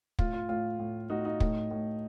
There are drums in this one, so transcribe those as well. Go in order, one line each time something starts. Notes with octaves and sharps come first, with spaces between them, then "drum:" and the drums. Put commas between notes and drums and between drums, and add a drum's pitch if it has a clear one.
A2 F4, drum: kick
F4
A2 F4
A2
A2 D#4 F#4
D#4
A2, drum: kick
A2